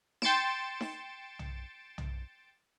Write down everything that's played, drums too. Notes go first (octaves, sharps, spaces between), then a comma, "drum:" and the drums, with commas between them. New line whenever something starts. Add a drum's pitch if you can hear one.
G5 C6 A6 C#7 D7 E7, drum: snare D#4
drum: snare D#4
drum: tom B1
drum: tom B1